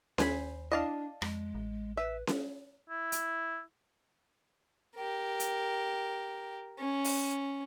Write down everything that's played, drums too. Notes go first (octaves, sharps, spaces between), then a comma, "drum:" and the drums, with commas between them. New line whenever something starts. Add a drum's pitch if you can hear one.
D#2 C5 G#5 B5, drum: snare C#4
D4 E4 D5 D#5 F5 A5
F2 G#3, drum: rim click
A1
B4 E5
drum: snare C#4
E4
drum: hi-hat
G4 A#4
drum: hi-hat
C#4
drum: open hi-hat